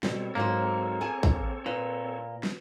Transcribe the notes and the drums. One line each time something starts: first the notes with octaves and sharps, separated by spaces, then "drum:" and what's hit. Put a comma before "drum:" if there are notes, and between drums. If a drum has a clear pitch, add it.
B2 G3 C4 A4 C#5, drum: snare
G#2 F#3 A#3 C5
G#4 G#5 A5
drum: kick
A#2 B4
drum: snare